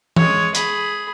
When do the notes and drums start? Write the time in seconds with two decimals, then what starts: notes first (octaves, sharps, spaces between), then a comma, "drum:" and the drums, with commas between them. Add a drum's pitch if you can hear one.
0.16 G#3 C#5, drum: tom E3
0.55 G#4 B5, drum: hi-hat